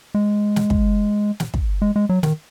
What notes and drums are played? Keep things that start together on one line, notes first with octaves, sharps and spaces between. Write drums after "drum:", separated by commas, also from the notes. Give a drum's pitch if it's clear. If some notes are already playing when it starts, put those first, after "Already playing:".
G#3
drum: snare
drum: kick
drum: snare
drum: kick
G#3
G#3
F#3
D#3, drum: snare